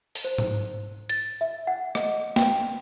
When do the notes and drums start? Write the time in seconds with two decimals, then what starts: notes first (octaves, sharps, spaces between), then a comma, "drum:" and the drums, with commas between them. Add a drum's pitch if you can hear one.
0.15 drum: open hi-hat
0.24 C5
0.38 drum: tom G#2
1.09 A6, drum: hi-hat
1.41 E5
1.67 F#5
1.95 D#5, drum: rim click
2.36 G5, drum: snare